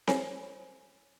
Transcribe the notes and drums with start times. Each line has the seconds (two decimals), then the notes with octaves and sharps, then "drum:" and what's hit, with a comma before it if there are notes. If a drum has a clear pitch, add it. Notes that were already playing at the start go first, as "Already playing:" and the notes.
0.07 C5 C#5 G#5, drum: snare C4